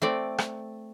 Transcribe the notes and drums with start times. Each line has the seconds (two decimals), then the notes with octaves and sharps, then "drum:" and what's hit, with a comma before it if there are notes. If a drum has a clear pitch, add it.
0.02 A3 C4 D5
0.38 drum: rim click